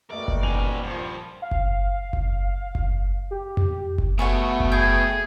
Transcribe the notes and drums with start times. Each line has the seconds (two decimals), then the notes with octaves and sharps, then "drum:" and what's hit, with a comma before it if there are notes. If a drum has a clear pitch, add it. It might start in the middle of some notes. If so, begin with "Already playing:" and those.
0.11 B2 G3 A3 A#3 A4 D5 D#5
0.28 drum: kick F#1
0.43 D#1 D#3 G#5 F7 F#7
0.83 G2 F3
1.42 F5
1.51 drum: kick F#1
2.13 drum: kick F#1
2.75 drum: kick F#1
3.31 G4
3.57 drum: tom F2
3.98 drum: kick F#1
4.19 B2 A3 G#4 C#5 F#5
4.60 drum: kick F#1
4.72 G#4 G5